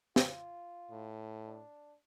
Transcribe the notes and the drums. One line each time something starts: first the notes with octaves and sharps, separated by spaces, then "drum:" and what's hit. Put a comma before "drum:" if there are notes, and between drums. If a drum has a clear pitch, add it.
F4, drum: snare
A2
D4